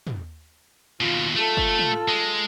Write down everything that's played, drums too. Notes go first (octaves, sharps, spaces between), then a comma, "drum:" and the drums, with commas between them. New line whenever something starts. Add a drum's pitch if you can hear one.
drum: tom
D#2 B2 F4
A3 F4 A4
drum: kick G1
drum: tom
G#3